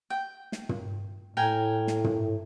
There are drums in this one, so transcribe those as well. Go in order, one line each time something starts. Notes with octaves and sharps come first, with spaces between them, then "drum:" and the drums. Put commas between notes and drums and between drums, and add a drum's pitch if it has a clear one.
G5
drum: snare
drum: tom
A2 A#4 G5 G#5
drum: snare
drum: tom